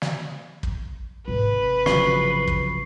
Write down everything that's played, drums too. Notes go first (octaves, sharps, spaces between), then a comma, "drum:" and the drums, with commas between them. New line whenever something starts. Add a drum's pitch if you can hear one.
drum: snare
drum: kick
G#1 C3 B4
C#3 F3 F#3 C#6 C7, drum: snare
drum: kick